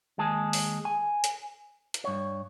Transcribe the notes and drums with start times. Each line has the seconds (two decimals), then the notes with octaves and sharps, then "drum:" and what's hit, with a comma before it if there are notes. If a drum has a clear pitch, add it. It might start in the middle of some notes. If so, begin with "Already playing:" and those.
0.18 D#2 G#3 G#4 A5
0.53 drum: open hi-hat
0.85 G#5
1.24 drum: hi-hat
1.94 drum: hi-hat
2.04 G2 C#5